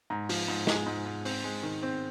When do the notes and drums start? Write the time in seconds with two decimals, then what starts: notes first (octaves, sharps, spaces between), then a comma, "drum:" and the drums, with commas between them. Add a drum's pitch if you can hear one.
0.10 G#2 A#5
0.29 F3, drum: open hi-hat
0.48 G#2
0.67 G#3, drum: snare
0.86 G#2
1.06 G#2
1.25 C4, drum: open hi-hat
1.44 G#3
1.63 D#3
1.83 C4